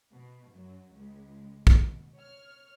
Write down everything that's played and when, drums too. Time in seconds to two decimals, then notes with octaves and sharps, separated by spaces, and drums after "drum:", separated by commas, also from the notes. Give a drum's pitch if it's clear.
0.13 B2
0.53 F#2 F#3
0.95 C#2 G#3
1.67 B2, drum: kick
2.15 C#5 F6